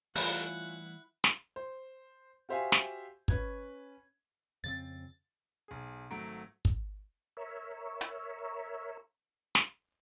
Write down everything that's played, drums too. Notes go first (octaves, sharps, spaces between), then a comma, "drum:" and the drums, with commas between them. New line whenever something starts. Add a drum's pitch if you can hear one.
E3 G3 A3 C#4 E4 F4 F#5 F#6, drum: open hi-hat
drum: snare
C5
F#4 G4 C5 E5 F5 G#5
drum: snare
C#4 B4 G#6, drum: kick
F2 C#3 C4 A6
B1 G#4
G#1 F#3 A3 A#5 D7
drum: kick
A#4 C#5 E5
drum: hi-hat
drum: snare